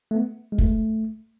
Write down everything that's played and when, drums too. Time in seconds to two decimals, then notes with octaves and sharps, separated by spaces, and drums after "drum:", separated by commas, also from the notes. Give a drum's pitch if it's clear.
0.11 A3
0.15 B3
0.52 G#3
0.58 A3, drum: kick